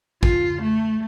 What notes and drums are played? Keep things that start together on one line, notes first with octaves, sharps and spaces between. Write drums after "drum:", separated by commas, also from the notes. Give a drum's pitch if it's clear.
F4, drum: kick
A3